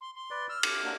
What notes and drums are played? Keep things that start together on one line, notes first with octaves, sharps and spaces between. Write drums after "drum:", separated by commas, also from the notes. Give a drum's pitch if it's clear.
C6
C6
B4 D5
E6 F6
D6, drum: cymbal
A#3 D4 F#4